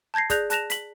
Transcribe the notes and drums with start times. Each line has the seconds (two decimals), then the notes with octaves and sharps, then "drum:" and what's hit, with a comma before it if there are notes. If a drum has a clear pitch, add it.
0.14 A5 G6 G#6 A#6 C7
0.30 G#4 D5 F#6 G6 A#6 F7, drum: kick, hi-hat
0.50 A5 F#6 A#6 E7 F7, drum: hi-hat
0.70 B6 F#7, drum: hi-hat